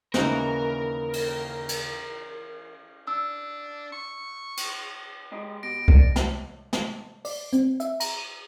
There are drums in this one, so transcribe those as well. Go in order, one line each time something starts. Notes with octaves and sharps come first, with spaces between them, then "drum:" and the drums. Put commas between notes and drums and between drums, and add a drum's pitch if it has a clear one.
D#2 C#3 E3 D#4 F#4 A#4, drum: snare
drum: cymbal
drum: cymbal
D4 E6
C#6
drum: cymbal
G#3 G4 D#5
B2 G4 A#6 D7
D4 A#4 D5, drum: kick C2
drum: snare
drum: snare
D5, drum: open hi-hat
C4, drum: hi-hat
E5, drum: hi-hat
A#5, drum: cymbal
D#7